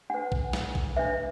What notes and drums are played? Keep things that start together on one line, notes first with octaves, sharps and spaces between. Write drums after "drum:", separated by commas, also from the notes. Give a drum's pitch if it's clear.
D4 B4 F#5
drum: kick A#1
drum: snare
drum: kick A#1
D4 B4 E5